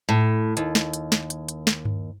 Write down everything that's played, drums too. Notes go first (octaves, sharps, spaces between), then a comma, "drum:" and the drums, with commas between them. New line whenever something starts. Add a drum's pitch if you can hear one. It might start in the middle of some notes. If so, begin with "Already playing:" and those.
A2
D#2, drum: hi-hat
drum: snare
drum: hi-hat
drum: snare
drum: hi-hat
drum: hi-hat
drum: snare
drum: tom G2